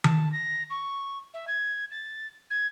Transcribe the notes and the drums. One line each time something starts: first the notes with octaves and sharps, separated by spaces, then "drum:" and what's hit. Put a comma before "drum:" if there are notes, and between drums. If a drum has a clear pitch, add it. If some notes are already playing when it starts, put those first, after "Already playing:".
A5, drum: tom D#3
A#6
C#6
E5
G#6
A6
G#6